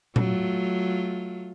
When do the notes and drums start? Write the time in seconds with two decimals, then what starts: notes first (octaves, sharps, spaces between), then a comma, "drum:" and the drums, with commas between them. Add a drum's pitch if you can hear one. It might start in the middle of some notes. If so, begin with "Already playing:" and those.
0.16 F#3 A3 F4, drum: tom A#2